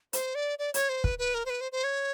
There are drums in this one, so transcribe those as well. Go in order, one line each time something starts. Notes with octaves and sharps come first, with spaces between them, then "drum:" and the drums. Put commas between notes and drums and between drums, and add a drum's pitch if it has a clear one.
C5, drum: hi-hat
D5
D5
C#5, drum: hi-hat
C5
B4, drum: kick
B4
A#4
C5
B4
C5
C5
C#5